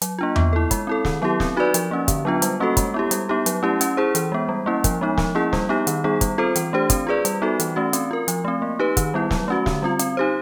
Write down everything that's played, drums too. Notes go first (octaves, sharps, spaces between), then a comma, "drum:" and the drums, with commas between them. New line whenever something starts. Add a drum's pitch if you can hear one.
F#3, drum: hi-hat
A#3 D4 F4
B3, drum: tom E2
E4 A4
G#3, drum: kick, hi-hat
C4 E4 A4
D#3, drum: snare
F#3 B3 E4 G4
C4, drum: snare
D#4 F#4 B4 D5
F3, drum: hi-hat
A#3 C#4
D3, drum: kick, hi-hat
F#3 B3 D4 F4
G3, drum: hi-hat
A#3 C#4 F#4 A4
G#3, drum: kick, hi-hat
B3 E4 G4
G3, drum: hi-hat
B3 D#4 G4
F#3, drum: hi-hat
A3 C#4 E4 G4
C#4, drum: hi-hat
E4 G#4 C5
E3, drum: hi-hat
G#3 B3
G3
A#3 C#4 E4
F3, drum: kick, hi-hat
G#3 B3 D#4
F3, drum: snare
A#3 C#4 E4 G#4
G3, drum: snare
B3 D#4 G4
D#3, drum: hi-hat
G3 B3 D#4 G#4
G3, drum: kick, hi-hat
C4 F4 A4 C5
E3, drum: hi-hat
A3 D4 G4 C5
C4, drum: kick, hi-hat
F4 G#4 B4 D5
G3, drum: hi-hat
B3 D#4 F#4 A4
E3, drum: hi-hat
A3 C#4 F#4
C4, drum: hi-hat
F4 A#4
F3, drum: hi-hat
A3 C4
A#3
D#4 G4 B4
D#3, drum: kick, hi-hat
G3 B3 E4
F#3, drum: snare
A3 C#4 F#4
D3, drum: snare
G3 C4 F4
C4, drum: hi-hat
D#4 G4 C5